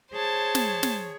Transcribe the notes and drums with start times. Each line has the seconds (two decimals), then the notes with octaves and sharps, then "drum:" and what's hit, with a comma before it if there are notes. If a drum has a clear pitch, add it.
0.13 G#4 C5 C#5 A5
0.55 drum: snare
0.83 drum: snare